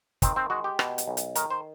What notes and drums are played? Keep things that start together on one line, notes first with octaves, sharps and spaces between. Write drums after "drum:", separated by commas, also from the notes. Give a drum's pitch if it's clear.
D#3 C4, drum: kick, hi-hat
C4
G#3 F#4
G4
B2, drum: rim click
drum: hi-hat
B1
drum: hi-hat
D#3 A#4, drum: hi-hat
C5